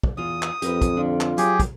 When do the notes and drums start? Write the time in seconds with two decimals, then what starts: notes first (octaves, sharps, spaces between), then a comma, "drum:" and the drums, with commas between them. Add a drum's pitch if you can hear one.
0.03 drum: kick
0.17 E2 F4 D#6
0.42 drum: clap
0.62 F2 G4 A#4 B4, drum: hi-hat
0.82 drum: kick, hi-hat
0.97 D3 D4 F4
1.21 drum: clap
1.38 F#3 G4 G#4, drum: hi-hat
1.60 drum: kick, hi-hat